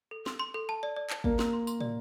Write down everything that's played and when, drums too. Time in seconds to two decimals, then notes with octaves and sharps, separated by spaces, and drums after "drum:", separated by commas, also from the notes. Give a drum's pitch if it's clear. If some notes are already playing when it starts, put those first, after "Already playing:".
0.11 A4
0.26 C6, drum: snare
0.40 C6
0.54 A4
0.69 A5
0.83 D5
0.96 D5
1.10 A5, drum: clap
1.24 A#3 D5, drum: kick
1.39 C6, drum: snare
1.53 C6
1.67 C6, drum: tambourine
1.81 D5, drum: tom